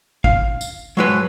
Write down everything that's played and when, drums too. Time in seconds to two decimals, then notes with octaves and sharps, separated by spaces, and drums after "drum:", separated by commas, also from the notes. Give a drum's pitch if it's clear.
0.24 F5, drum: kick
0.61 drum: tambourine
0.97 F#3 G#3 B4